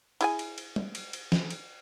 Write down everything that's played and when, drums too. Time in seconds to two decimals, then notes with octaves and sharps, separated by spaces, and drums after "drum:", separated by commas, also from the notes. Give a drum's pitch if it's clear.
0.21 E4 G#4 G#5, drum: cymbal
0.39 drum: cymbal
0.58 drum: cymbal
0.76 drum: tom G3
0.95 drum: cymbal
1.13 drum: cymbal
1.32 drum: snare
1.50 drum: cymbal